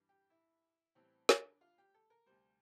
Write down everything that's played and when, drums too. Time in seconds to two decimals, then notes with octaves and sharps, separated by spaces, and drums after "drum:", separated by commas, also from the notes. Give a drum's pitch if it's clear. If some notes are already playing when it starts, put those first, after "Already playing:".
Already playing: G2 E3 G3
0.09 G4
0.30 E4
0.95 A2 E3 G3 C4
1.29 D4, drum: snare
1.61 F4
1.78 G4
1.94 A4
2.10 A#4
2.26 D2 C3 G3 C5